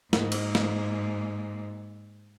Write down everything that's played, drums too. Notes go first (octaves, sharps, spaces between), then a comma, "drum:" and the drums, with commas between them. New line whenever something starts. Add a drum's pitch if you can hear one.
G#2 A#3, drum: snare
drum: cymbal
drum: snare